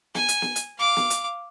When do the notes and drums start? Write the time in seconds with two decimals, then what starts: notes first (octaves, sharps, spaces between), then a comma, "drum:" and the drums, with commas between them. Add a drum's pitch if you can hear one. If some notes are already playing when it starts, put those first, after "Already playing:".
0.15 G#5, drum: snare
0.28 drum: hi-hat
0.42 drum: snare
0.56 drum: hi-hat
0.78 F5 D6
0.97 drum: snare
1.10 drum: hi-hat